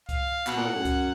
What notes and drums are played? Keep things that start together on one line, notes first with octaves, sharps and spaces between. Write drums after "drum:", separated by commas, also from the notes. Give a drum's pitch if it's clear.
F5, drum: kick C2, hi-hat
B2 F#5, drum: clap
A#2
A2
F#2
drum: kick C2, hi-hat